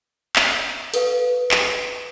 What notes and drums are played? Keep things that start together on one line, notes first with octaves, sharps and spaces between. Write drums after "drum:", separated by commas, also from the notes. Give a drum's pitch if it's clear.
drum: clap
A4 B4 F5, drum: hi-hat
drum: clap